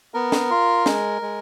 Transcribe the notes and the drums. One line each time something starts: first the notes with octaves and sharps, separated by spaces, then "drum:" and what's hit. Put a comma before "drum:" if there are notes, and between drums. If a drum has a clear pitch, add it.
B3 A#4
drum: snare
F4
G#3, drum: snare
G#3